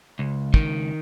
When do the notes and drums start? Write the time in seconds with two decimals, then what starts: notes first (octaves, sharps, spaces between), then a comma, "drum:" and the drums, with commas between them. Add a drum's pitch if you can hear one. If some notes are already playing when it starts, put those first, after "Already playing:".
0.19 C#2
0.54 D#3, drum: kick